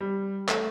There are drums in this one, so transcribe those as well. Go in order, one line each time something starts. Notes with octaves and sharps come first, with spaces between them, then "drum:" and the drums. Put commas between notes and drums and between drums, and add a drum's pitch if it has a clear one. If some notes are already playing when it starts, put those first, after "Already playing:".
G3
A3, drum: clap